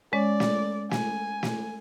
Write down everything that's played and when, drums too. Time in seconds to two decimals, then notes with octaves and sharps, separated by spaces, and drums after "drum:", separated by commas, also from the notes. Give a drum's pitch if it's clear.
0.13 G#3 C#4 C#5 D5
0.40 drum: snare
0.91 G#5, drum: snare
1.43 drum: snare